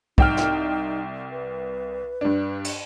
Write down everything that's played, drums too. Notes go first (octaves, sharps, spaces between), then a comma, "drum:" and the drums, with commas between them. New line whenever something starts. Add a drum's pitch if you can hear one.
C2 D#4 G5 F6, drum: kick
drum: snare
B4
G2 D4
drum: cymbal